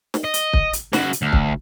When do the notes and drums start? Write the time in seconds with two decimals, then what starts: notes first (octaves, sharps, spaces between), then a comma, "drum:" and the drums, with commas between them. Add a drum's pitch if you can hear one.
0.14 drum: snare
0.24 D#5
0.34 drum: hi-hat
0.53 drum: kick
0.73 drum: hi-hat
0.93 C#3 F#4, drum: snare
1.13 drum: hi-hat
1.22 D2
1.33 drum: kick